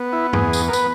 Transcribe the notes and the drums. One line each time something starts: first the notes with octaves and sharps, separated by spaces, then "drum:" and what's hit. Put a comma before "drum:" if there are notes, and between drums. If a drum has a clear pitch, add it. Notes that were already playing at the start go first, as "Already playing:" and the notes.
Already playing: B3
E4
E2 G#4, drum: tom G2
drum: tambourine
A#4
B4, drum: tambourine